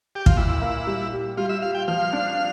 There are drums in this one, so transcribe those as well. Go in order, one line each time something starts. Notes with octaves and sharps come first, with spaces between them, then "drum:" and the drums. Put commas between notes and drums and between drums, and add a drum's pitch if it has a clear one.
G4
F4, drum: kick
A#2 E4
A#3
G3
G4
G3 F4
E5
F4 F5
G5
F3 F5
D4